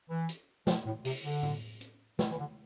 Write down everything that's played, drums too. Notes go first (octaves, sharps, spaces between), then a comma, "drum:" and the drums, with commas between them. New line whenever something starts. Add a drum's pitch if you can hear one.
E3
drum: hi-hat
F3, drum: snare
A2
C3, drum: open hi-hat
D3
drum: tom A2
drum: hi-hat
E3, drum: snare
E3
D3